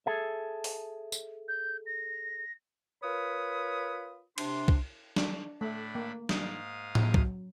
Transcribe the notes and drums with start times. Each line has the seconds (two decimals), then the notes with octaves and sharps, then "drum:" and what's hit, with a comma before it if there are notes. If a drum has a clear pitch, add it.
0.06 G#4 A4 E5
0.64 drum: open hi-hat
1.12 drum: tambourine
1.48 G6
1.86 A#6
3.02 F4 A#4 B4 C#5 B5 D#6
4.38 C3 D4 C6, drum: cymbal
4.68 drum: kick C2
5.16 D4, drum: snare
5.61 A2 A3 D4 B5
5.95 A#3
6.29 G#2 F5 D#6, drum: snare
6.95 drum: tom A2
7.14 F#3, drum: kick C2